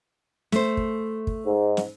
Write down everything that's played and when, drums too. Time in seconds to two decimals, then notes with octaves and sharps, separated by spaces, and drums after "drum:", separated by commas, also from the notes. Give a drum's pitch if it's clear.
0.52 A3 C5, drum: snare
0.77 drum: kick
1.27 drum: kick
1.45 G#2
1.77 drum: snare